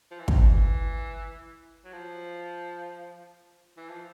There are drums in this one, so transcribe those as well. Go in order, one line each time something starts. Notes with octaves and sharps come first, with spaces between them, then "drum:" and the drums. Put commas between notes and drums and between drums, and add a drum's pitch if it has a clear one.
F3
E3
D#3, drum: kick
E3
F#3
F3
E3
F3